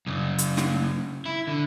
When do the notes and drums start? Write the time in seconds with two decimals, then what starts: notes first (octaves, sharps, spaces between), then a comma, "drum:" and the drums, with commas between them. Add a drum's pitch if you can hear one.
0.07 F#2 C#3
0.38 drum: hi-hat
0.57 drum: snare
1.26 E4
1.47 D3